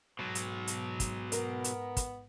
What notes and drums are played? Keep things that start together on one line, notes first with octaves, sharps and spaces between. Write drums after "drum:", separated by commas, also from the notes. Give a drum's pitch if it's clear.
G#2 B2 F#3
drum: hi-hat
drum: hi-hat
drum: kick, hi-hat
B3 A#4, drum: hi-hat
drum: hi-hat
drum: kick, hi-hat